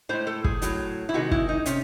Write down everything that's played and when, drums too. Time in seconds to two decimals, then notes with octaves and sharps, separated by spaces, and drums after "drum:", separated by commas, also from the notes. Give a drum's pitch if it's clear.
0.09 A2 G#3 C5
0.27 A4
0.44 G#4, drum: kick
0.62 A2 F#3, drum: hi-hat
1.09 E4
1.14 C3 D#3 G#3 F#4
1.31 E4, drum: kick
1.49 D#4
1.66 C3 C#4, drum: hi-hat